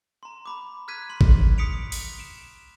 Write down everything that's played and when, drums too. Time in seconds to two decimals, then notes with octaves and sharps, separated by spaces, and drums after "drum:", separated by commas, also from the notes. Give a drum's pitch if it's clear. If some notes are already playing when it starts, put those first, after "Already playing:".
0.23 A#5 C6
0.46 A#5 B5 D6
0.88 F6 F#6 G#6 B6 D#7
1.09 C6 F#7
1.21 drum: kick G#1
1.58 D#6 B6 C#7 D7 F7
1.92 drum: open hi-hat
2.19 D7 E7